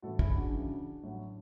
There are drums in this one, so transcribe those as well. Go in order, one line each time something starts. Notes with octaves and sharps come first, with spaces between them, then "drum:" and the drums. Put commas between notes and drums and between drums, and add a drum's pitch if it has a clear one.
A2 E3 F#4 A4
E4 G#4, drum: kick
G#4
D4 F#4
C#3 E3
A2 F#3